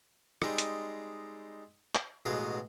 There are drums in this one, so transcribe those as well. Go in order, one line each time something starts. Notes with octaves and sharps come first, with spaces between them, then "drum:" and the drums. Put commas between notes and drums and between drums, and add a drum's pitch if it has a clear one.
G3 G#3 C4 D#4, drum: rim click
drum: hi-hat
drum: clap
A1 B2 F#3 G#3 G#4 F5